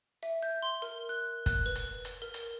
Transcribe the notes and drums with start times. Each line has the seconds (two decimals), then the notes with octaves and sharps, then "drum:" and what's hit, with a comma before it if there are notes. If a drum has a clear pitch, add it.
0.23 E5
0.42 G6
0.62 C6
0.82 A#4
1.09 F#6
1.46 F#6, drum: kick, hi-hat
1.66 B4
1.75 drum: hi-hat
2.05 drum: hi-hat
2.22 A#4
2.34 drum: hi-hat